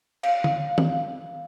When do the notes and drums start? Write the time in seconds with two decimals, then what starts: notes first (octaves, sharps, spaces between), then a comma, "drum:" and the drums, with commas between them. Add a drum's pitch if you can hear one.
0.23 F5, drum: cymbal
0.44 drum: tom D3
0.78 drum: tom D#3